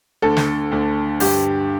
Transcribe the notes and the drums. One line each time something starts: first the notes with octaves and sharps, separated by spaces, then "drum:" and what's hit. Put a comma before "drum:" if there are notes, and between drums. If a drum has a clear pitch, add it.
D2 D3 A4
drum: snare
D2 D3
G2 D3 G4, drum: open hi-hat